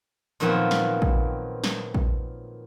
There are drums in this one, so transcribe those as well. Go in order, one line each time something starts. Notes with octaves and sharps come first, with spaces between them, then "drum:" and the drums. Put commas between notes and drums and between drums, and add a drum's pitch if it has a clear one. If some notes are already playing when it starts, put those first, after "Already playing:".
A#2 D#3 F3 F#3 B3 C4
drum: snare
drum: kick
drum: snare
drum: kick